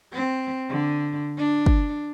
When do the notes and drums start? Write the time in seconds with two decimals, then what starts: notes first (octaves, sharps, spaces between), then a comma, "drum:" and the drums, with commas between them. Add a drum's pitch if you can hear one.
0.12 C4
0.70 D3
1.38 D4
1.66 drum: kick